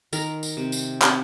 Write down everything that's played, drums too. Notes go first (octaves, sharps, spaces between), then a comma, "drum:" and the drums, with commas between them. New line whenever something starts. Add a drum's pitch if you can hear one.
D#3 A#4, drum: tambourine
drum: tambourine
C3
drum: tambourine
C3, drum: clap